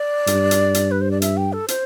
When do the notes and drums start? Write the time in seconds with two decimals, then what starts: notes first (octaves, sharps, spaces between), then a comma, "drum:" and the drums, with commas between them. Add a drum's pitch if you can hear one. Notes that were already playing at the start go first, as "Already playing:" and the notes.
Already playing: D5
0.27 G2, drum: hi-hat
0.51 drum: hi-hat
0.74 drum: hi-hat
0.91 B4
1.01 C5
1.11 D5
1.22 E5, drum: hi-hat
1.37 G5
1.53 A4
1.68 C5, drum: hi-hat